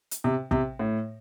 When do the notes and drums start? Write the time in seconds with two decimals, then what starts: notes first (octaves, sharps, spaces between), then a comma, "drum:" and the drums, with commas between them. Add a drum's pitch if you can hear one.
0.11 drum: hi-hat
0.24 C3
0.51 C3, drum: kick
0.79 A2